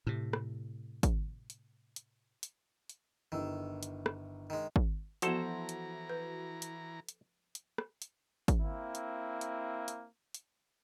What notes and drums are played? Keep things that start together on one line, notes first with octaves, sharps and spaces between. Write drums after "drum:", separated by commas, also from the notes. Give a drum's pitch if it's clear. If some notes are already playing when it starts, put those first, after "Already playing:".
A2 C3
drum: rim click
drum: kick, hi-hat
drum: hi-hat
drum: hi-hat
drum: hi-hat
drum: hi-hat
G1 D#3 E4 E6
drum: hi-hat
drum: rim click
D#3 G#3
drum: kick
E3 F3 B3 E4 F#4 A4 C5 A#5, drum: hi-hat
drum: hi-hat
B4
drum: hi-hat
drum: hi-hat
drum: hi-hat
drum: rim click
drum: hi-hat
drum: kick, hi-hat
A#3 C4 E4
drum: hi-hat
drum: hi-hat
drum: hi-hat
drum: hi-hat